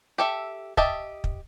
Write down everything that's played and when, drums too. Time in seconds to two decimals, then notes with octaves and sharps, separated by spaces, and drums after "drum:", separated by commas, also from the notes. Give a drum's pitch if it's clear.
0.18 G4 A4 E5
0.77 G4 D#5 E5 A5, drum: kick
1.24 drum: kick